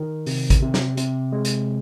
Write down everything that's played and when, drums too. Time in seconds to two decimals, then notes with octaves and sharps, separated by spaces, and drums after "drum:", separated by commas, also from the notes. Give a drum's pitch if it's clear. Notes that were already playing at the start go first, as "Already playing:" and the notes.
Already playing: D#3
0.26 C3, drum: open hi-hat
0.50 drum: kick, hi-hat
0.62 C3
0.74 drum: snare
0.97 C3, drum: hi-hat
1.32 G#3
1.45 drum: hi-hat